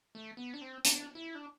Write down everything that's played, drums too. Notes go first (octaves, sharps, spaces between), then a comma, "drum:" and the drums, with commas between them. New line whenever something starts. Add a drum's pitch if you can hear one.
A3
B3
D4
C4
D4, drum: hi-hat
E4
D4